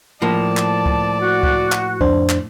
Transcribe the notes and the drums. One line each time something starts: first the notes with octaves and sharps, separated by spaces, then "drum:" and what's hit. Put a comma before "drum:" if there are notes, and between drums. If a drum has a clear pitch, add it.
A2 F3 A#3 D5 A5
drum: clap
drum: kick C#2
F#4
drum: kick C#2
drum: clap
F2 D4 C5, drum: kick C#2
drum: clap